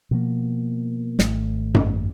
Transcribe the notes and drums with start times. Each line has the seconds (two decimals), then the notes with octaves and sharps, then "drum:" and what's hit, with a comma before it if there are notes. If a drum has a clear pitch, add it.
0.11 B2 F3 A#3
1.19 G#1 A3, drum: snare
1.74 drum: tom F#2